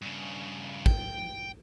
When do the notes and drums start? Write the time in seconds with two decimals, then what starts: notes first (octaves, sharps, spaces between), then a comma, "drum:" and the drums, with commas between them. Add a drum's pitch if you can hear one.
0.02 G2 C#3
0.86 G5, drum: kick